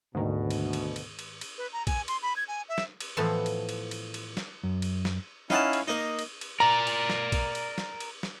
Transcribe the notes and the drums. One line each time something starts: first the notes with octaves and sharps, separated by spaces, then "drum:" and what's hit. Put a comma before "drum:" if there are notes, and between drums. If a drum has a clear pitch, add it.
D2 G#2 B2 D#3
drum: cymbal
drum: cymbal
drum: cymbal
drum: cymbal
drum: cymbal
B4
A#5
G#5, drum: kick A#1, cymbal
C6, drum: cymbal
B5
G#6
G#5
E5
drum: snare
drum: cymbal
A2 E3 F3 B3 A4 C6
drum: cymbal
drum: cymbal
drum: cymbal
drum: cymbal
drum: snare
F#2
drum: cymbal
drum: snare
C#4 D#4 E4 F5 F#5 A5, drum: snare
drum: cymbal
A#3 D#4 D#5
drum: cymbal
drum: cymbal
A#4 D5 A#5
drum: cymbal
drum: snare
drum: kick A#1, cymbal
drum: cymbal
drum: snare
drum: cymbal
drum: snare